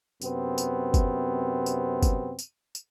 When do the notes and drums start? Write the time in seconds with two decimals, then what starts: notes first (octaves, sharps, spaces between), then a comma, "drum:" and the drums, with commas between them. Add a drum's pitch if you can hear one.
0.22 F#2 C3 B3 C4, drum: tambourine
0.58 drum: tambourine
0.94 drum: kick, tambourine
1.66 drum: tambourine
2.02 drum: kick, tambourine
2.39 drum: tambourine
2.75 drum: tambourine